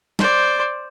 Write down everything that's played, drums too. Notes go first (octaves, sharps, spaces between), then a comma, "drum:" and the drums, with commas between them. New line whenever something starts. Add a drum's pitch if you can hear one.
C5 D5, drum: snare